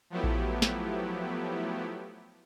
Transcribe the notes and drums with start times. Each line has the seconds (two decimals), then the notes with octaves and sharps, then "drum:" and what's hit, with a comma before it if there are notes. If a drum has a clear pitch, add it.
0.10 F3 F#3 A3 B3 E4 G4
0.24 drum: kick A#1
0.62 drum: snare